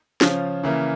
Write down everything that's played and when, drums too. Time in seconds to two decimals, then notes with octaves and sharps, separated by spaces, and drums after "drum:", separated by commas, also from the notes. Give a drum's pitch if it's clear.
0.21 C#3 F3 C#4 F4, drum: snare
0.63 C#3 E3 A#3 E4